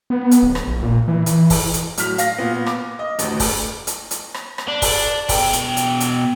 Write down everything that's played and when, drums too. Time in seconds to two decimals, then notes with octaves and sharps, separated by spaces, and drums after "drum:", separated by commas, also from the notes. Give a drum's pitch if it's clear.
0.10 B3
0.31 drum: hi-hat
0.43 D1
0.55 drum: rim click
0.67 A#1
0.83 A#2
1.08 E3
1.26 E3, drum: hi-hat
1.50 drum: kick, open hi-hat
1.74 drum: hi-hat
1.97 A2 F#3 F6 B6, drum: hi-hat
2.18 F5 A#6, drum: hi-hat
2.39 A#2 B3
2.66 D6, drum: rim click
2.99 D#5
3.19 A1 D2, drum: hi-hat
3.40 drum: kick, open hi-hat
3.87 drum: hi-hat
4.11 drum: hi-hat
4.34 drum: rim click
4.58 drum: rim click
4.68 D4
4.82 drum: kick, open hi-hat
5.29 B2 G5, drum: kick, open hi-hat
5.53 drum: hi-hat
5.77 drum: hi-hat
6.00 drum: hi-hat